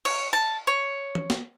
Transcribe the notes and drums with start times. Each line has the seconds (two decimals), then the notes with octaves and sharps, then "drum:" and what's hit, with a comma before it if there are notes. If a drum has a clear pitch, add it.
0.05 C#5, drum: cymbal
0.33 A5
0.67 C#5
1.15 drum: tom E3
1.30 drum: snare